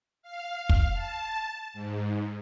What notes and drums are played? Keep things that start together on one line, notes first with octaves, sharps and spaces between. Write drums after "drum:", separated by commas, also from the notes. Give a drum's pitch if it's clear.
F5
drum: kick
A5
G#2